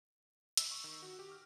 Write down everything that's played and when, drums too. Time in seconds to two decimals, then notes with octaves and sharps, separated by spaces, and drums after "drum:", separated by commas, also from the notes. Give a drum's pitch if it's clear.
0.57 E6, drum: hi-hat
0.71 C#6
0.84 D#3
1.02 F#4
1.19 G4
1.31 F6